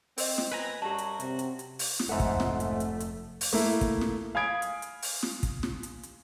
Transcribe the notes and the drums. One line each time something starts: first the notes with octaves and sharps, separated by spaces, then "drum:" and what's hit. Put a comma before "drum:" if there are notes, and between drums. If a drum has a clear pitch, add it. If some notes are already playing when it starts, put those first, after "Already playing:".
C4 A#4 D#5, drum: open hi-hat
drum: snare
C4 B4 G#5 A#5
F#2 F#3 G3 F#4 G4 A5
drum: hi-hat
C3, drum: hi-hat
drum: hi-hat
drum: hi-hat
drum: open hi-hat
drum: snare
F1 G#2 A3 A4 C5 E5 F#5
drum: kick, hi-hat
drum: snare
drum: hi-hat
drum: hi-hat
drum: hi-hat
drum: open hi-hat
A3 A#3 E4
drum: kick, hi-hat
drum: snare
F5 G#5 B5 D#6 G#6 D7
drum: hi-hat
drum: hi-hat
drum: open hi-hat
drum: snare
drum: kick, hi-hat
drum: snare
drum: hi-hat
drum: hi-hat